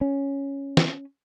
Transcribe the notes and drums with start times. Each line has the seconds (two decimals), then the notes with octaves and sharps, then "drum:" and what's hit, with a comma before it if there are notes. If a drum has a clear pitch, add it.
0.01 C#4
0.77 drum: snare